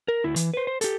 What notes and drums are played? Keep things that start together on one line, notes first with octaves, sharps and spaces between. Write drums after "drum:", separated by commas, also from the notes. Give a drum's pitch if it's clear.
A#4
D2 E4
E3, drum: hi-hat
B4 C5
C5
G4 A4, drum: hi-hat